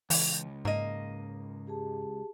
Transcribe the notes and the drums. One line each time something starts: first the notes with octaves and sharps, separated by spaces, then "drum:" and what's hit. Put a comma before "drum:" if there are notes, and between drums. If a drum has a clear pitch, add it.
C#2 E3, drum: open hi-hat
G#2 A#3 D#5
G4 G#4 A5